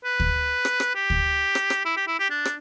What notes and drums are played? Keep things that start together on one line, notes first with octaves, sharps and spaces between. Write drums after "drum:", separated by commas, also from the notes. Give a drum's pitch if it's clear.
B4
drum: kick
drum: rim click
drum: rim click
G4
drum: kick
drum: rim click
drum: rim click
E4
G4
E4
G4
D4
drum: rim click